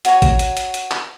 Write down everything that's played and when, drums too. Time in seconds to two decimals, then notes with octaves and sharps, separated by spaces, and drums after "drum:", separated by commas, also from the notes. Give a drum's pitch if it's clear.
0.05 F#4 C#5 G#5 A#5, drum: hi-hat
0.22 drum: kick, hi-hat
0.39 drum: hi-hat
0.57 drum: hi-hat
0.74 drum: hi-hat
0.91 drum: clap